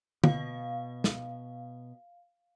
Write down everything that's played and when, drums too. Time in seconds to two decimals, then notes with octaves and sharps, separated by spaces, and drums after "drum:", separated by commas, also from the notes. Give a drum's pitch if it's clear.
0.24 B2 F5, drum: tom
1.04 drum: snare